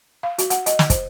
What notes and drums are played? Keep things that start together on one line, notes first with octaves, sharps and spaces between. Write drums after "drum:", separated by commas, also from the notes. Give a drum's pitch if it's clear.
F5
F#4, drum: hi-hat
F#5, drum: hi-hat
D#5, drum: hi-hat
drum: snare
C5, drum: kick, hi-hat